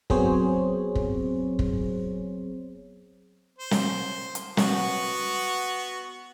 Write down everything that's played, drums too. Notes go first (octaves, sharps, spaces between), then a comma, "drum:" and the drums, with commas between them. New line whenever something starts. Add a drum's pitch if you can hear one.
F#3 B3 C4 G#4 C5 C#5, drum: kick
drum: kick
drum: kick
C5
drum: snare
drum: hi-hat
B3 F#4, drum: snare